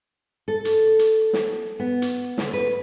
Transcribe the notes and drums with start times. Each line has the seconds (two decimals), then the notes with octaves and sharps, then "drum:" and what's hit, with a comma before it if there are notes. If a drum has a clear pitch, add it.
0.48 A4
0.65 drum: hi-hat
0.99 drum: hi-hat
1.33 drum: snare
1.80 B3
2.02 drum: hi-hat
2.38 D2, drum: snare
2.53 B4